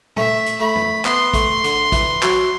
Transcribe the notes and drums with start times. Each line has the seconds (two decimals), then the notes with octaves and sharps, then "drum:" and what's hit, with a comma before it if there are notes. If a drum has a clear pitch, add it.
0.16 A3 E5, drum: tom
0.46 drum: hi-hat
0.60 A3 B5
0.75 drum: tom
1.05 B3 C6, drum: clap
1.34 A3, drum: kick, hi-hat
1.64 D3, drum: hi-hat
1.92 E3, drum: kick, hi-hat
2.23 F#3, drum: clap